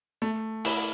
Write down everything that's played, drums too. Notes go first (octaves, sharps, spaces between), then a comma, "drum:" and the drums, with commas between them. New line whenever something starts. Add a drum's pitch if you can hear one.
A3
E4, drum: cymbal